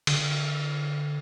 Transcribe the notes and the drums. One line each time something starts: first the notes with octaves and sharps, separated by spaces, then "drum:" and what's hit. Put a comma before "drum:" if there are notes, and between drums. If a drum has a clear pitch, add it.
D3, drum: cymbal